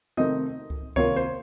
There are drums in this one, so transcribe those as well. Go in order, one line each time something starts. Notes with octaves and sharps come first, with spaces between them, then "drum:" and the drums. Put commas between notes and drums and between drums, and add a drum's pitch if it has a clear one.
C3 D#3 A3 C4 D#4 D#5
drum: kick C#2
C3 D#3 A#3 F4 C#5, drum: kick C#2
C5